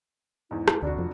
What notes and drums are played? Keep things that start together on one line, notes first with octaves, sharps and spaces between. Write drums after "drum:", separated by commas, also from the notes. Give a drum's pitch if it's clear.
E2 G#2 E4
B4, drum: rim click
F1 D2 D4 F#4 D5
F2 F4